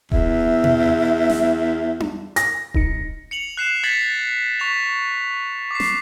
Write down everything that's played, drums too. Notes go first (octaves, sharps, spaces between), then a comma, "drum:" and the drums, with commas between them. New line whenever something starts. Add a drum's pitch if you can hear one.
E2 E5, drum: kick D#1
drum: tom
drum: snare
drum: tom D4
A#6, drum: hi-hat
C2 D#4 C#7, drum: kick D#1
C#7 F7 F#7
F#6 C7 E7
G#6 A6 B6 C#7 F#7
C#6 B6 F7
D6 C7
drum: snare